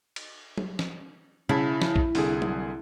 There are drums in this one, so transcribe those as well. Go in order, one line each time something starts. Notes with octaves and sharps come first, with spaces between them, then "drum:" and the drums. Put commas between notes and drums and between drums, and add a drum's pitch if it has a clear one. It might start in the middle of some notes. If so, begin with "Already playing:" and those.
drum: cymbal
drum: tom F#3
drum: snare
C#3 E4 A5 B5, drum: tom B2
drum: snare
drum: kick A#1
C2 D3 G#4, drum: open hi-hat
drum: tom F#3